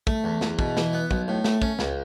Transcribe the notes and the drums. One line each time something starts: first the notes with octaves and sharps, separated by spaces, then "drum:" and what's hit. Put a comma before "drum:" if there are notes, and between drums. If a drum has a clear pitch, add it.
A3, drum: kick
E2
E2, drum: snare
B2, drum: kick
E3, drum: snare
B3
B1, drum: kick
A2
A3, drum: snare
C#4, drum: kick
C#2, drum: snare